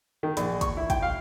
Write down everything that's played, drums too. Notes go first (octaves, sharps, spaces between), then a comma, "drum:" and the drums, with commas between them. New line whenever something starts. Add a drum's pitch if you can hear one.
D#3
A#1, drum: hi-hat
C#6, drum: kick, hi-hat
E4
G5, drum: kick, hi-hat
F5